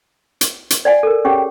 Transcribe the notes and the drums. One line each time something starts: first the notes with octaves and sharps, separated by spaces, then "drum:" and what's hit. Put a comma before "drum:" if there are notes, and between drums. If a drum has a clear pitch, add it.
drum: hi-hat
drum: hi-hat
D5 F#5 G#5
A4 A#4
C#4 G4 G#4 C#5 F#5 G5